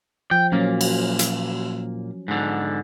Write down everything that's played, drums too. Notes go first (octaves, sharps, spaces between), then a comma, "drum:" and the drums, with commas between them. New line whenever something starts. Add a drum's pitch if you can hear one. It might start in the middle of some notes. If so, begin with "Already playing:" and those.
F3 G5
A#2 F#3 A#3 C#4
drum: cymbal
drum: hi-hat
G#2 D3